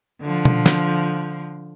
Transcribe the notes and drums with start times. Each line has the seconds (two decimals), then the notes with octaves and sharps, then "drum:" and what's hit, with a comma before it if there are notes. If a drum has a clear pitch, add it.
0.22 D3 F3
0.45 drum: tom B2
0.66 drum: snare